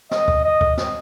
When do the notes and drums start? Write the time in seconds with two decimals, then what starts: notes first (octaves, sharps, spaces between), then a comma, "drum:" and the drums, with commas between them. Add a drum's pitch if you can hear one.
0.11 D#5, drum: snare
0.28 drum: kick C#2
0.44 D#5
0.61 drum: kick C#2
0.77 drum: snare